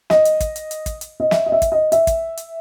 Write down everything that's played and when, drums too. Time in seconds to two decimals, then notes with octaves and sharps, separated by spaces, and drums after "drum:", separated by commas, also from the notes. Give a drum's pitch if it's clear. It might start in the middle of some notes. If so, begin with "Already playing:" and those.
0.10 D#5, drum: snare
0.25 drum: hi-hat
0.40 drum: kick, hi-hat
0.56 drum: hi-hat
0.71 drum: hi-hat
0.86 drum: kick, hi-hat
1.01 drum: hi-hat
1.20 D#5
1.31 E5, drum: snare
1.46 D#5
1.52 E5
1.62 drum: kick, hi-hat
1.72 D#5
1.92 E5, drum: hi-hat
2.07 drum: kick, hi-hat
2.37 drum: hi-hat